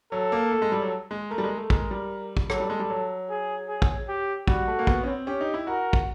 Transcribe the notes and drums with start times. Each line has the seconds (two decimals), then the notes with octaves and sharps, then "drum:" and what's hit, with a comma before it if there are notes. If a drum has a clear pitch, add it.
0.12 F#3 A4
0.32 A#3
0.52 A3
0.62 G#3
0.72 G3
0.82 F#3
1.11 G#3
1.30 A3 A#4
1.38 G3
1.44 G#3
1.57 A3
1.70 G#3 A#4, drum: kick
1.91 G3
2.37 drum: kick
2.50 F#3 A4, drum: rim click
2.60 G3
2.70 G#3
2.80 G3
2.90 F#3
3.29 G#4
3.69 G#4
3.82 drum: kick
4.08 G4
4.48 G3 F#4, drum: kick
4.68 A3
4.79 A#3
4.87 B3, drum: kick
5.03 C#4
5.08 C4
5.27 C#4 G4
5.41 D#4
5.54 E4
5.67 F#4 A#4
5.93 drum: kick